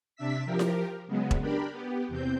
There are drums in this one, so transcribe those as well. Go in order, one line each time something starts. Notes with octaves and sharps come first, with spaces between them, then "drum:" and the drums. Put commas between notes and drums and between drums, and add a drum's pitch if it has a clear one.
C3 D4 E5 E6 B6
F3 G4 A#4
drum: snare E4
C#3 F#3 G#3 B3
drum: kick E1
D4 G4 A#4 B5
B3 G4
E2 C3 C4 G6